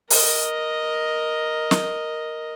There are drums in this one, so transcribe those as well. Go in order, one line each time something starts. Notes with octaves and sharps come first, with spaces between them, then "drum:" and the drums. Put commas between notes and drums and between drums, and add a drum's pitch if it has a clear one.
A#4 D#5, drum: open hi-hat
drum: snare